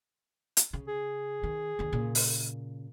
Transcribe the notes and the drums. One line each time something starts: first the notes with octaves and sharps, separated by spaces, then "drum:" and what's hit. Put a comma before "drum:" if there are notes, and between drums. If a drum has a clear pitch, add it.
drum: hi-hat
C#3
G#4
D#3
D#2 D3
A#2 C#3
drum: open hi-hat